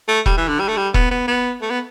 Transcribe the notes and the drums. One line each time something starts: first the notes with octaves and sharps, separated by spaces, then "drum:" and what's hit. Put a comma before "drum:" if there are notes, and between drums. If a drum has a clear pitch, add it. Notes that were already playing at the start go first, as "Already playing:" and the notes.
A3
G3, drum: kick E1
E3
D3
G3
A3
G3
B3, drum: kick E1
B3
B3
A3
B3